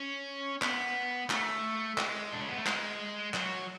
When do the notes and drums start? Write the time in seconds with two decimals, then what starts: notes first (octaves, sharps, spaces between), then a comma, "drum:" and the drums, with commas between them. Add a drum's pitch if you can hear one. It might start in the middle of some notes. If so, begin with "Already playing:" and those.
Already playing: C#4
0.62 B3, drum: clap
1.30 A3, drum: clap
1.98 G#3, drum: clap
2.33 D4
2.41 C#4
2.49 B3
2.57 A3
2.66 G#3, drum: clap
3.34 F#3, drum: clap